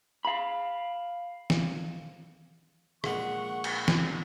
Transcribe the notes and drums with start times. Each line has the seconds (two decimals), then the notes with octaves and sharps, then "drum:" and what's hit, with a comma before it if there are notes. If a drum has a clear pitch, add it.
0.25 F5 B5
1.50 drum: snare
3.04 A#1 G#3 F#5 C#6, drum: rim click
3.64 drum: cymbal
3.88 drum: snare